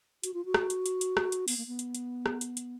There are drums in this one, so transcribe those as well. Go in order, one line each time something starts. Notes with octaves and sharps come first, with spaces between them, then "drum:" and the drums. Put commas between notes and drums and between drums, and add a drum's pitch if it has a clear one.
F#4, drum: hi-hat
F4
F#4
drum: rim click
drum: hi-hat
drum: hi-hat
drum: hi-hat
drum: rim click
drum: hi-hat
B3, drum: open hi-hat
A#3
B3
drum: hi-hat
drum: hi-hat
drum: rim click
drum: hi-hat
drum: hi-hat